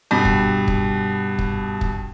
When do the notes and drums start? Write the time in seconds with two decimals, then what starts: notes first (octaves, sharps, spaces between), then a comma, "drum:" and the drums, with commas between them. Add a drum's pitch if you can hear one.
0.11 G2 B2
0.25 drum: kick
0.68 drum: kick
1.39 drum: kick
1.81 drum: kick